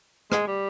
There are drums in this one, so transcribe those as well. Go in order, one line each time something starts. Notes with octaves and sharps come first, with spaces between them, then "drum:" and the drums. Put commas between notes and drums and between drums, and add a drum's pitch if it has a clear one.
G#3, drum: rim click
G3